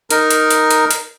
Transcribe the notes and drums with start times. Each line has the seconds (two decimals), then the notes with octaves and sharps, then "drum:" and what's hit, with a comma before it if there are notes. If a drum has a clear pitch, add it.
0.10 D#4 A#4, drum: hi-hat
0.30 drum: hi-hat
0.51 drum: hi-hat
0.71 drum: hi-hat
0.91 drum: hi-hat